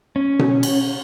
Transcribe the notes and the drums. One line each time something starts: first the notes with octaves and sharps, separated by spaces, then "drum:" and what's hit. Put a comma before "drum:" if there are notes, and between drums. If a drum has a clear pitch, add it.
C#4
drum: tom B2
drum: cymbal